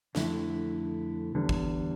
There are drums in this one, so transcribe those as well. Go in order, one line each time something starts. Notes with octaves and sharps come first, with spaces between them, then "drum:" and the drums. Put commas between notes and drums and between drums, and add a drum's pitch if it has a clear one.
F2 D3 A3 E4, drum: snare
E2 D3 G3
drum: kick